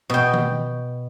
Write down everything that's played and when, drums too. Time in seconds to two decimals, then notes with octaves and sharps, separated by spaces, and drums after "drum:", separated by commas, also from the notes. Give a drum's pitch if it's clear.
0.10 B2 G5
0.33 drum: tom D#3